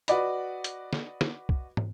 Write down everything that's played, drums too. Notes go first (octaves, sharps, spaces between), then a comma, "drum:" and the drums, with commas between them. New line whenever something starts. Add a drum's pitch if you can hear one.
F#4 B4 D5 D#5 B5, drum: hi-hat
drum: hi-hat
drum: snare
drum: snare
drum: kick C2
drum: tom